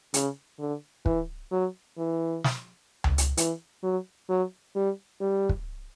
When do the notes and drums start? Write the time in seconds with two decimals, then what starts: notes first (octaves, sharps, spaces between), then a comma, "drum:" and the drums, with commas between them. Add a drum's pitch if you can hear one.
0.14 C#3, drum: hi-hat
0.59 D3
1.06 E3, drum: kick
1.52 F#3
1.98 E3
2.44 drum: snare
3.04 drum: tom C#2
3.18 drum: hi-hat
3.37 E3, drum: hi-hat
3.83 F#3
4.29 F#3
4.76 G3
5.21 G3
5.49 drum: kick